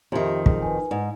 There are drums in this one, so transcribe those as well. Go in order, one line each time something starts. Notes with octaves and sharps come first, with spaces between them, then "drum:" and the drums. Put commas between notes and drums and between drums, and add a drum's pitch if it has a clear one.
F2 D#3 G4 E5
G#4, drum: kick
B4 G#5
G#2